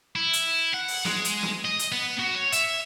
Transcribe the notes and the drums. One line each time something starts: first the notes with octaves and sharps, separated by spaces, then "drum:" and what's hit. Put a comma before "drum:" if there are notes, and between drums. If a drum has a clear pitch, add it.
E4
drum: hi-hat
F#5
drum: open hi-hat
G#3, drum: snare
drum: hi-hat
drum: snare
D#5
drum: hi-hat
B3
F#4
C#5
E5, drum: hi-hat